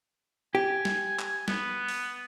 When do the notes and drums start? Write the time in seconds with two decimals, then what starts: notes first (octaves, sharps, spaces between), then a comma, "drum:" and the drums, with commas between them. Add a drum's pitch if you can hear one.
0.55 G4 G#5
0.85 drum: snare
1.19 drum: clap
1.48 B3, drum: snare
1.88 drum: open hi-hat